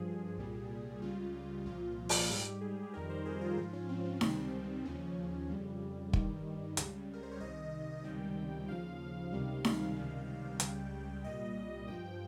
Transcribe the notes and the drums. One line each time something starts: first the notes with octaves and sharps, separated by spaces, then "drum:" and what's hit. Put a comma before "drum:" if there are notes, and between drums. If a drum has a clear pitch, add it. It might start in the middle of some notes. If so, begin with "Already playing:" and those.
Already playing: G2 F3 G#4
C2 A#2 G3
C#2 C#3 G3 F4
C2 A#2 F3 F4
drum: open hi-hat
G#2 G3 G4
G#4
F2 D#3 G3 A#4
C5
G#4
F4
G#2 F3 F4
C#4
C4
C4
C#2 C3 D#3 G3 C4, drum: snare D#4
D#2 C#3 F3 C#4
F2 C#3 G3
G2 D#3 G3, drum: kick
C#2 C#3 G3, drum: hi-hat
A#4
C5
C#5
C2 C3 D#3 D#5
C#2 C3 D#3 G3 G5
D#2 C#3 F3 F5
C#2 C3 D#3 G3
drum: snare D#4
C#2 C3 D#3 G3
C#2 C#3 G3 G5, drum: hi-hat
C2 A#2 G3 D#5
G2 F3 G5